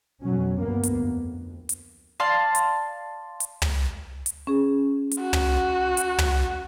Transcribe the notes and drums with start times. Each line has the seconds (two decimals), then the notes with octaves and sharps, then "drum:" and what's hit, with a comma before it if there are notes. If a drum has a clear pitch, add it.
0.22 F2 B2 F#3 C#4
0.60 D2 G2 A#3 B3
0.83 drum: hi-hat
1.00 F2
1.69 drum: hi-hat
2.20 D5 F5 A5 C6
2.55 drum: hi-hat
3.40 drum: hi-hat
3.62 drum: tom
4.26 drum: hi-hat
4.47 C#4 G#4
5.11 drum: hi-hat
5.21 F#4
5.33 drum: tom
5.97 drum: hi-hat
6.18 drum: tom